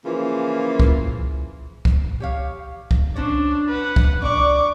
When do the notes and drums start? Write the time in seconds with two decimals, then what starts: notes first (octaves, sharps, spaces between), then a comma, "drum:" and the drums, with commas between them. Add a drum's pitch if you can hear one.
0.04 C#3 E3 F3 A#3 F4
0.80 drum: kick
1.85 drum: kick
2.20 G4 C#5 F5
2.91 drum: kick
3.16 C#4 D4 C5 C#5
3.69 B4 F#5
3.96 drum: kick
4.22 D4 D5 C#6 D6